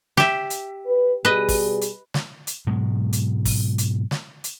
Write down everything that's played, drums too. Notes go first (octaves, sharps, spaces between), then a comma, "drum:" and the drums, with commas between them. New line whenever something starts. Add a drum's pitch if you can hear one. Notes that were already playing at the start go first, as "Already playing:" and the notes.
G4 E5, drum: snare
drum: hi-hat
B4
B2 G3 G#4 B4 D#5
drum: kick, open hi-hat
drum: hi-hat
drum: snare
drum: hi-hat
G#2 B2 F#3 G#3
drum: hi-hat
drum: kick, open hi-hat
drum: hi-hat
drum: snare
drum: hi-hat